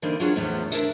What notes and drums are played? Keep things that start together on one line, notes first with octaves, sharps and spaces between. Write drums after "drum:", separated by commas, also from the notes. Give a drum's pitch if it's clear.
D3 E3 G3 A#3 C4 D#4
F#3 D4 F4 G#4 C#5
E2 A2 F3 B3 C#4
D4 E4 A#4 E5, drum: tambourine